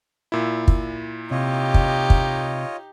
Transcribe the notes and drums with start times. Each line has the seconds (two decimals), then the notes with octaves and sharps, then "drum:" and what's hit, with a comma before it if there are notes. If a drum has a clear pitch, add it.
0.32 A#2 E4
0.68 drum: kick
1.31 C3 D#4 F4 G4 C#5 D#5
1.74 drum: kick
2.10 drum: kick